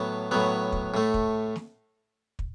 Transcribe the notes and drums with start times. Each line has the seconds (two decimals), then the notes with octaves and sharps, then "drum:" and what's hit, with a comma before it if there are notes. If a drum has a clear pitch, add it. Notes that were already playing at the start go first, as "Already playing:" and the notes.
Already playing: A2 F#3 B3 A5
0.31 A2 F#3 B3
0.72 drum: kick
0.94 A2 A3
1.14 drum: kick
1.56 drum: snare
2.39 drum: kick